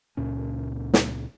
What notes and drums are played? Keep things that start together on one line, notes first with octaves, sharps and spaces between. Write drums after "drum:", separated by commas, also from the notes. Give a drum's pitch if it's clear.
C#2 A#2 C#4
drum: snare